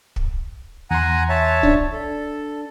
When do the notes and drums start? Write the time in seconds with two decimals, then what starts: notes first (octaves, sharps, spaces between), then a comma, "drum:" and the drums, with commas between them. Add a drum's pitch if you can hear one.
0.16 drum: kick
0.90 E2 F#5 G#5 A#5 C6
1.29 C#5 E5 A5
1.63 D4, drum: kick
1.92 A4